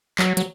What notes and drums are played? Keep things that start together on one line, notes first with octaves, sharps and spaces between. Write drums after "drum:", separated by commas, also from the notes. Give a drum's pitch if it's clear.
F#3, drum: clap
F#3, drum: hi-hat